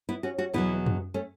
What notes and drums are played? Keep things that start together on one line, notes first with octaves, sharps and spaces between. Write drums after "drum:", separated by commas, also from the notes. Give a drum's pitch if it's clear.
B3 E4
C#4 F#4
C#4 F#4
E2 B2 F#3 B3 E4
drum: tom F#2
A3 C#4